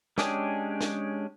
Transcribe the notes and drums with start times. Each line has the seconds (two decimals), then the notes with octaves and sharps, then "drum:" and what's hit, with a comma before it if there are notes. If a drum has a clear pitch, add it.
0.18 G#3 C#4 D4 G4 G#4, drum: snare
0.81 drum: snare